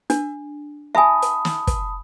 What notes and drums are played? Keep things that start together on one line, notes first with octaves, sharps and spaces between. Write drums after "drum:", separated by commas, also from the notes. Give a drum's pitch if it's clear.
D4, drum: hi-hat
E5 G#5 A5 B5 D#6
drum: hi-hat
drum: snare
drum: kick, hi-hat